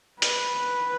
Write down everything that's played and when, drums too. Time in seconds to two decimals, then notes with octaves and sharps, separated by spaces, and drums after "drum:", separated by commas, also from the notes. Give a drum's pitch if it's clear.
0.22 B4, drum: hi-hat